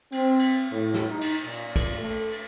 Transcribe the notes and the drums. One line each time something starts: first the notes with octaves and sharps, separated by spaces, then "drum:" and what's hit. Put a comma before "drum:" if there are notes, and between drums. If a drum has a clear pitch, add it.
C4, drum: cymbal
drum: cymbal
A2
drum: snare
D#4
drum: cymbal
A#2
drum: kick, cymbal
A3
drum: cymbal